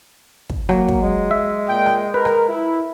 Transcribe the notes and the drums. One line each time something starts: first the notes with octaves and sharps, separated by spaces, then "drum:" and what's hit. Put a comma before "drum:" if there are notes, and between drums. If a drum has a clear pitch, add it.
drum: kick
F#3 A#3, drum: rim click
drum: kick
G#3
E5
A#2 G5
drum: rim click
A#4 B4
drum: rim click
E4